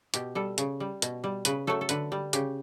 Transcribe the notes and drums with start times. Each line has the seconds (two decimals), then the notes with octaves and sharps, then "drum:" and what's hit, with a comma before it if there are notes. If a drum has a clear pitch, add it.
0.14 B2 G4, drum: hi-hat
0.35 G3 A4
0.58 C#3, drum: hi-hat
0.80 G3
1.02 B2, drum: hi-hat
1.24 G3
1.45 C#3 B4, drum: hi-hat
1.67 F#3 A3 A4
1.81 A4
1.89 D3 B4, drum: hi-hat
2.12 G3
2.33 C#3 G4, drum: hi-hat